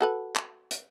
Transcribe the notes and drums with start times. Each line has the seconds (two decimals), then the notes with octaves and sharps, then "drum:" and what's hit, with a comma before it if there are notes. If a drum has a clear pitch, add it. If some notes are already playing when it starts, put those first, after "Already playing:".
0.01 F#4 A4 B4
0.36 drum: clap
0.71 drum: hi-hat